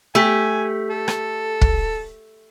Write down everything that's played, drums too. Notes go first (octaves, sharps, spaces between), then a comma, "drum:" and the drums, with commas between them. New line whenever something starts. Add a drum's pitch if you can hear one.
A3 G4 G#5
A4
drum: rim click
drum: kick